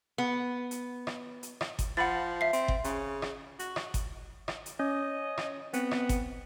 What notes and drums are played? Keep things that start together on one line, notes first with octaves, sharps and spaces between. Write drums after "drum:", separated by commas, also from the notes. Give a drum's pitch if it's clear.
B3
drum: hi-hat
drum: rim click
drum: hi-hat
drum: rim click
drum: kick G1, hi-hat
F3 F#5 B5 A6
E5 C7
C4, drum: hi-hat
drum: kick G1
C#3, drum: hi-hat
drum: rim click
F#4, drum: hi-hat
drum: rim click
drum: kick G1, hi-hat
drum: rim click
drum: hi-hat
C#4 C#5 D#5
drum: rim click
B3 C4, drum: hi-hat
drum: rim click
drum: kick G1, hi-hat